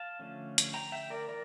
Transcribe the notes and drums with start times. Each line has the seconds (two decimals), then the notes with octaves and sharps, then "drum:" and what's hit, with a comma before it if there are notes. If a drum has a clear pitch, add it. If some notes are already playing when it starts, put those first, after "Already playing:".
Already playing: F5 A5
0.19 D3 F3 A3 C#4
0.58 drum: hi-hat
0.74 G5 A#5
0.92 E5 G5
1.10 A#4 D5
1.28 E3 A#4 D5